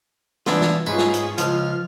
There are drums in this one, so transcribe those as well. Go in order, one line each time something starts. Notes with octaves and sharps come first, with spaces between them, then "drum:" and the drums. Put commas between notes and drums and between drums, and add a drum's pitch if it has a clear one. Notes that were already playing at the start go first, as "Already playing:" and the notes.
E3 B3 D4 F4, drum: snare
drum: snare
G#2 C#4 F4 G#4 B4
drum: snare
drum: hi-hat
C#2 F3 F4 F6, drum: hi-hat